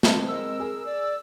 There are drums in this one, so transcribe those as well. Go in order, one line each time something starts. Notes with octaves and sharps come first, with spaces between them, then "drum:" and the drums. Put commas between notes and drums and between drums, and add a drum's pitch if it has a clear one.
G#3 A3 C4 A5, drum: snare
A#4 E6
G#4
D5